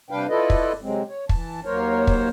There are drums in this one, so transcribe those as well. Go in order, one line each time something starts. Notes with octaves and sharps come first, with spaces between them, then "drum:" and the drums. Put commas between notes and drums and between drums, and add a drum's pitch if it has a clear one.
C3 G3 D4 B4 F5 G5
E4 F4 A4 B4 D5 D#5
drum: kick
C3 F#3 G#3 C4
C#5
E3 A5, drum: kick
D#2 F#3 A#3 A#4 C5 C#5
drum: kick